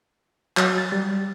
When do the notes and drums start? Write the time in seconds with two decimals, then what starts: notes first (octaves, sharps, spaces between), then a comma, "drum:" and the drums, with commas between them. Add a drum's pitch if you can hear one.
0.57 F#3, drum: clap
0.78 A6
0.92 G3